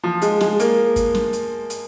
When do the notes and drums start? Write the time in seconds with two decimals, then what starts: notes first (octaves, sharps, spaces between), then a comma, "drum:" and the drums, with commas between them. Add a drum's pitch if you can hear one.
0.04 F3
0.22 G#3, drum: hi-hat
0.41 G#3, drum: snare
0.60 A#3, drum: hi-hat
0.96 drum: kick, hi-hat
1.15 drum: snare
1.33 drum: hi-hat
1.70 drum: hi-hat